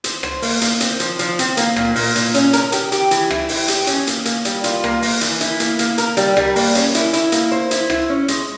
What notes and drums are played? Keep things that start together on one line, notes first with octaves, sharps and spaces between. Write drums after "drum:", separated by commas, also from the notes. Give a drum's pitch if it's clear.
C5, drum: hi-hat
C5, drum: rim click
A#3, drum: open hi-hat
A#3, drum: hi-hat
C4, drum: hi-hat
F3, drum: hi-hat
F3, drum: hi-hat
C4, drum: hi-hat
A#3, drum: hi-hat
A#2, drum: rim click
A#2, drum: open hi-hat
A#2, drum: hi-hat
C#4, drum: hi-hat
A#4, drum: hi-hat
G4, drum: hi-hat
G4, drum: hi-hat
E3, drum: hi-hat
E4, drum: rim click
G4, drum: open hi-hat
G4, drum: hi-hat
C#4, drum: hi-hat
A#3, drum: hi-hat
A#3, drum: hi-hat
G3, drum: hi-hat
F4, drum: hi-hat
A#3, drum: rim click
A#3, drum: open hi-hat
E3, drum: hi-hat
E4, drum: hi-hat
A#3, drum: hi-hat
A#3, drum: hi-hat
A#4, drum: hi-hat
G3, drum: hi-hat
G3, drum: rim click
A#3, drum: open hi-hat
C#4, drum: hi-hat
E4, drum: hi-hat
E4, drum: hi-hat
A#3, drum: hi-hat
C5
E4, drum: hi-hat
E4, drum: rim click
C#4
G#3, drum: hi-hat